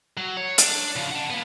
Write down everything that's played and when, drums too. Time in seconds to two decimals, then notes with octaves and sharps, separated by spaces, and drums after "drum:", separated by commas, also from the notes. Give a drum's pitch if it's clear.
0.17 F#3
0.37 C#5
0.58 D4, drum: hi-hat
0.96 C#3 F3
1.11 F#5 A5
1.30 A#3 B3